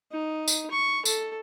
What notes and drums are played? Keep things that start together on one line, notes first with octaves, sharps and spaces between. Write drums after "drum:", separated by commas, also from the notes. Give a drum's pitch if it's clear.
D#4
drum: tambourine
C#6
A4, drum: tambourine